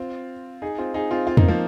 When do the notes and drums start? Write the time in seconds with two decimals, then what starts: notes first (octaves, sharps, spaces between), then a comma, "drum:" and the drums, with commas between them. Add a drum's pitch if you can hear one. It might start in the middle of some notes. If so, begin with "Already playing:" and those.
Already playing: C4 F4
0.62 D#4 G#4
0.78 C4 F4
0.94 D#4 G#4
1.11 C4 F4
1.27 C4 F4
1.37 A#3 D#4, drum: tom E2
1.48 F3 A#3